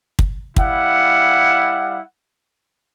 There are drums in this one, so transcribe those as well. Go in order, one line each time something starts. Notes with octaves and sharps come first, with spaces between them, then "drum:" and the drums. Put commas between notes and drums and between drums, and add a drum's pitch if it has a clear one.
drum: kick
G3 E4 F5 F#5, drum: kick